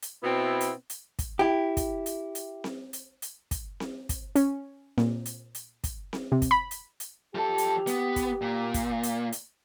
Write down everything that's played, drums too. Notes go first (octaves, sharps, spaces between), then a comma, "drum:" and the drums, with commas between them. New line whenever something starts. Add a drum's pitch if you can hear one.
drum: hi-hat
B2 B3 C4 E4
drum: hi-hat
drum: hi-hat
drum: kick, hi-hat
E4 G4
drum: kick, hi-hat
drum: hi-hat
drum: hi-hat
drum: snare C4
drum: hi-hat
drum: hi-hat
drum: kick, hi-hat
drum: snare C4
drum: kick, hi-hat
C#4, drum: hi-hat
A#2, drum: snare C4
drum: hi-hat
drum: hi-hat
drum: kick, hi-hat
drum: snare C4
C3
drum: kick, hi-hat
B5
drum: hi-hat
drum: hi-hat
F3 G4 A4
drum: hi-hat
B3, drum: hi-hat
drum: kick, hi-hat
A#2
drum: kick, hi-hat
drum: hi-hat
drum: hi-hat